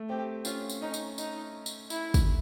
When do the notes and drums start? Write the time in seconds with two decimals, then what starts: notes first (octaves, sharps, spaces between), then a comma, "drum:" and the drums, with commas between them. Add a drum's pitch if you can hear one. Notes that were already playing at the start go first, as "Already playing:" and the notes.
Already playing: A3
0.09 C4 G4
0.45 C#4 F4, drum: tambourine
0.70 drum: tambourine
0.81 C#4 D#4
0.94 drum: tambourine
1.18 D#4, drum: tambourine
1.66 drum: tambourine
1.90 E4, drum: tambourine
2.14 drum: kick, tambourine